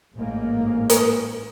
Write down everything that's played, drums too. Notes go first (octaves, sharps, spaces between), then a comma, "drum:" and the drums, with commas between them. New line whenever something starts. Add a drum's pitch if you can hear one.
A1 G#2 A#3
drum: hi-hat